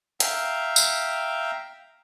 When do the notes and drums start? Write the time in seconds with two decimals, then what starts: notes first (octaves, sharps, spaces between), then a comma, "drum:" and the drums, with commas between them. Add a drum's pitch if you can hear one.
0.20 E5 F5 G5 A#5, drum: hi-hat
0.76 drum: tambourine